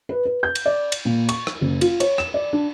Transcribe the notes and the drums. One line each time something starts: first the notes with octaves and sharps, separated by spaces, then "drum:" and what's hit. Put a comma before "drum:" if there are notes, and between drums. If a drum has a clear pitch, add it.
B4
B4
G6
drum: cymbal
D5
drum: cymbal
A#2
C#6, drum: cymbal
drum: rim click
F#1
F4, drum: cymbal
C#5, drum: cymbal
E7, drum: rim click
D5
D4